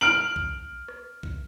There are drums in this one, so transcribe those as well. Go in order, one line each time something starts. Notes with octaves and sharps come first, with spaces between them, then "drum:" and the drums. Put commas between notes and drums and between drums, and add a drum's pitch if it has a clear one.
F6 D7 F#7
drum: kick A#1
drum: rim click
drum: kick A#1